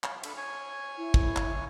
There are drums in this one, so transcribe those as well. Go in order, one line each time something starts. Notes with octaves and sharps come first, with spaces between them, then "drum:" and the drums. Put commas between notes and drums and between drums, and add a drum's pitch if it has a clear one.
C#5 F5, drum: clap
D4 A4 B5, drum: cymbal
C#5 G#5
E4
drum: kick
drum: clap